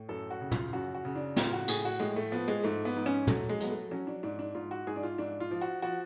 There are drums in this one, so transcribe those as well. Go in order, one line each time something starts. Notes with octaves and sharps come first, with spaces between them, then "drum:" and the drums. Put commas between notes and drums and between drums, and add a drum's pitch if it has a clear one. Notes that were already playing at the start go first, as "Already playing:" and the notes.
Already playing: A2
F#2 A4
F#4
C#3
F4, drum: tom
F#2 F#4
F#4
C#3
D4
A2 F4, drum: snare
F#4
A2 G#4, drum: tambourine
F#4
A2 G#3
A3
F3 B3
G#3
G#2 A3
B3
G#2
C#4
F#3 A3, drum: tom
G#3
F#3 B3, drum: hi-hat
A3
F#3 C#4
D4
G#2 D4
D4
G#2 F4
F#4
G#2 G#4
D4
F4
G#2 D4
F4
F3
F#4
F3 F#4